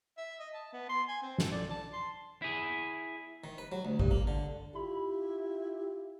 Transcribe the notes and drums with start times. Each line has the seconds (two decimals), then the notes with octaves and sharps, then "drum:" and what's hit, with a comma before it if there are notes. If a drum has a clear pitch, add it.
0.18 E5
0.40 D#5
0.54 A5
0.73 B3
0.89 C6
1.08 G#5
1.22 C4
1.38 A4, drum: snare
1.52 D5
1.70 A5
1.93 C6
2.42 E4 G#4
3.44 D#3
3.58 B4
3.72 F#3
3.85 D2
4.00 G2, drum: kick G#1
4.11 A#3
4.27 D3
4.75 E4 F4 G4 B5